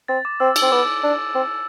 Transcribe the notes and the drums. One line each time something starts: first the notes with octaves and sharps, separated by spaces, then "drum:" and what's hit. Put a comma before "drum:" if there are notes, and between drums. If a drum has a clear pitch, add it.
C4 A6
D6
C4 E6
E6, drum: cymbal
C4
B3 D6
D4
C4